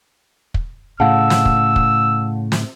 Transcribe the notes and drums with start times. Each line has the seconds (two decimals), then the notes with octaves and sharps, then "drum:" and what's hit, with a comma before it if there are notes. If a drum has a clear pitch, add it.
0.54 drum: kick
1.00 A2 C#3 F5 F#5 A5 E6
1.30 drum: snare
1.45 drum: kick
1.76 drum: kick
2.52 drum: snare